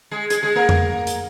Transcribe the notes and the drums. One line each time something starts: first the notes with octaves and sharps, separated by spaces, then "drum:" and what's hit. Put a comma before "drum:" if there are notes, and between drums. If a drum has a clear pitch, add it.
G#3 G#4
G#3 G#4, drum: hi-hat
G#3 G#4
A#3 A#4
drum: tom F2
drum: hi-hat